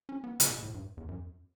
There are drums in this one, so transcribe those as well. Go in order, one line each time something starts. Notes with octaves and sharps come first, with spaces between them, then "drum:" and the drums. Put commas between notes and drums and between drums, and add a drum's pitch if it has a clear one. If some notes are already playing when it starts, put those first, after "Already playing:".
C#4
B3
C#3, drum: hi-hat
B2
A2
G2
E2
F#2